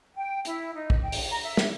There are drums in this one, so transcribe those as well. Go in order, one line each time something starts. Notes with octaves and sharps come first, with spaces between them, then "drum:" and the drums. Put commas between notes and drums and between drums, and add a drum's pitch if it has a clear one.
G5
E4, drum: hi-hat
D#4
drum: kick
G5
drum: open hi-hat
A#5
E5
drum: snare